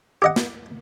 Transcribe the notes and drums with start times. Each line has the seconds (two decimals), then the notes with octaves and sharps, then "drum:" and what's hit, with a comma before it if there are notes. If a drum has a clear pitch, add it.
0.22 G4 D#5 F#5
0.36 drum: snare